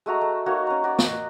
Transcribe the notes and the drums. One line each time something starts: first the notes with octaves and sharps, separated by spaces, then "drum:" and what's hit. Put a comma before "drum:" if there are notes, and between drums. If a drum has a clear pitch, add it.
G#3 A3 F#4 A#5
A3
A#3 D#4 F#4 C#5
C#4 A#5
F#4 D5
D#5, drum: snare